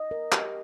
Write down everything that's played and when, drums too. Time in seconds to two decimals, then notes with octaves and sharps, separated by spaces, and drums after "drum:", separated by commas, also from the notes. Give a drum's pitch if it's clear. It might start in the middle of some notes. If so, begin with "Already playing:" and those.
Already playing: D#5
0.11 A#4
0.32 G4, drum: clap